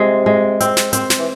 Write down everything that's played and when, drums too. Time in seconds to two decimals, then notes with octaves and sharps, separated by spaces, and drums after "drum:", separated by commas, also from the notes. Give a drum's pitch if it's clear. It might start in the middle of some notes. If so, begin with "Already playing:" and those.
Already playing: C3 G#3 C4
0.26 G#3
0.60 C4, drum: hi-hat
0.77 drum: snare
0.93 C4, drum: hi-hat
1.10 drum: snare
1.19 E3